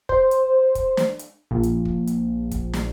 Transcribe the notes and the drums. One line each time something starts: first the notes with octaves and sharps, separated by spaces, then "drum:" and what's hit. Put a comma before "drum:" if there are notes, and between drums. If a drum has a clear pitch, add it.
C5, drum: kick
drum: hi-hat
drum: kick, hi-hat
drum: snare
drum: hi-hat
A#1
drum: hi-hat
drum: kick
drum: hi-hat
drum: kick, hi-hat
drum: snare